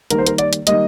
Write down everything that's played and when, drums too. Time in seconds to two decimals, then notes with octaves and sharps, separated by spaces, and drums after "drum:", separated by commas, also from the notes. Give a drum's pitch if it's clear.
0.10 D#3 G3 A#3 A#4, drum: hi-hat
0.18 C5
0.27 A#4, drum: hi-hat
0.38 D5, drum: hi-hat
0.53 drum: hi-hat
0.67 D#3 G3 A#3 D#5, drum: hi-hat